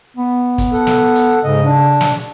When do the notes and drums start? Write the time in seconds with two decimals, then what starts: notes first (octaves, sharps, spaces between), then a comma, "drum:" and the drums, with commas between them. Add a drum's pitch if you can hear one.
0.17 B3
0.58 drum: kick, hi-hat
0.73 A4 F#5
0.87 drum: snare
1.15 drum: hi-hat
1.44 G#2 C#3 D#5
1.65 D4
2.01 drum: snare